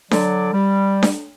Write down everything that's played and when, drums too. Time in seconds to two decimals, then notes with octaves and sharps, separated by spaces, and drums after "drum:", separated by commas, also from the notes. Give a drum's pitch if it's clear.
0.11 D3 F#3 D5, drum: snare D4
0.53 G3
1.03 drum: snare D4